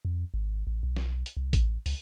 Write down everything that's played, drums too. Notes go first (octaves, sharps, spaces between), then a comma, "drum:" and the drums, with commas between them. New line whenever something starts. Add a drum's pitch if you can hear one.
F2
G#1
A1
B1
drum: snare
drum: hi-hat
C2
A1, drum: kick A1, hi-hat
C#2, drum: open hi-hat